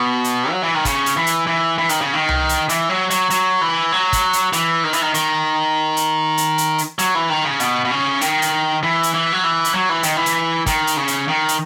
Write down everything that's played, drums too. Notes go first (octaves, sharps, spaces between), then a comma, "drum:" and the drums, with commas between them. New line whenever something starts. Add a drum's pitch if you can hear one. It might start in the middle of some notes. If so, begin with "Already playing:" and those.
Already playing: B2
drum: hi-hat
F#3
E3
D#3
C#3, drum: kick, hi-hat
drum: hi-hat
E3
drum: hi-hat
E3
E3
D#3, drum: hi-hat
C#3
D#3
drum: tom C2
drum: hi-hat
E3, drum: hi-hat
F#3
F#3, drum: hi-hat
F#3, drum: hi-hat
E3
F#3
drum: kick, hi-hat
drum: hi-hat
E3, drum: hi-hat
D#3
E3, drum: hi-hat
D#3
D#3, drum: hi-hat
drum: hi-hat
drum: hi-hat
drum: hi-hat
drum: hi-hat
F#3, drum: hi-hat
E3
D#3
C#3
B2, drum: hi-hat
B2
C#3
D#3, drum: hi-hat
drum: hi-hat
E3
drum: hi-hat
E3
F#3
E3
drum: hi-hat
F#3
E3
D#3, drum: hi-hat
E3
drum: hi-hat
D#3, drum: kick, hi-hat
drum: hi-hat
C#3
drum: hi-hat
D#3
drum: hi-hat